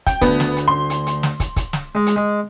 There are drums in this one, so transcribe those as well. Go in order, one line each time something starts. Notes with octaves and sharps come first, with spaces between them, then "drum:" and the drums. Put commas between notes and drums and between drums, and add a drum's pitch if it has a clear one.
G5, drum: kick, hi-hat
D2 B3, drum: kick, hi-hat
drum: snare
drum: hi-hat
C6
drum: hi-hat
drum: hi-hat
drum: snare
drum: kick, hi-hat
drum: kick, hi-hat
drum: snare
G#3
drum: hi-hat
G#3